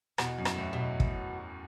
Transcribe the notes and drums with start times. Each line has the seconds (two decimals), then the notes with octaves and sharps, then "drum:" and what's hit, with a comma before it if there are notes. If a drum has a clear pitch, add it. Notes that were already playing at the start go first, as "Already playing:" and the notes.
0.18 E2 B2, drum: rim click
0.38 F#2
0.45 E4, drum: rim click
0.58 E2 A2
0.73 B2
1.00 drum: kick